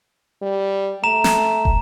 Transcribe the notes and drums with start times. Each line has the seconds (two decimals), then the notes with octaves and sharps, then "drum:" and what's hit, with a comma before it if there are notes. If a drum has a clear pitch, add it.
0.42 G3
1.04 A3 A#5 E7
1.24 drum: snare
1.65 drum: kick